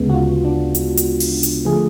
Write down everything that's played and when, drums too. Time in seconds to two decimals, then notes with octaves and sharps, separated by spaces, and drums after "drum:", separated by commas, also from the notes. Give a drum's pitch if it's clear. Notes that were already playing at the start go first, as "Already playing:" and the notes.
Already playing: D2 C#3 G#3 B3
0.10 F#4
0.14 F4
0.45 D4
0.75 drum: hi-hat
0.97 drum: hi-hat
1.20 drum: open hi-hat
1.43 drum: hi-hat
1.65 D3 F3 A3 G#4